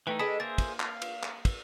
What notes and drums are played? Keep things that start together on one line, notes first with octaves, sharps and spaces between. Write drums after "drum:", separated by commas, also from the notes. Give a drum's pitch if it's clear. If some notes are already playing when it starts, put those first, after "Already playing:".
E3 A3 D#4 B4 G5 B6
G#3 D4 A4 A5 B5 D#6 E7
A#3 G#4 C5 E5 A6
drum: kick, cymbal
F5, drum: clap
drum: cymbal
drum: clap
drum: kick, cymbal